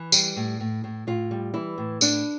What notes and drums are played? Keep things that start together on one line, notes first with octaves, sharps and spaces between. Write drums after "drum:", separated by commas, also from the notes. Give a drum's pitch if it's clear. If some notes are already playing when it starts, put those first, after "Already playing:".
Already playing: E3
G3, drum: tambourine
A2
A2
A2
A2 F4
G3
E3 E4
A2
A2 D4, drum: tambourine